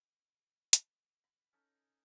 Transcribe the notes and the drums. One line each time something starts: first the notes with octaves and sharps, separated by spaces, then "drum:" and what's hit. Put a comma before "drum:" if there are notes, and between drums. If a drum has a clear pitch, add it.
drum: hi-hat
B5
C#4 D#4 A4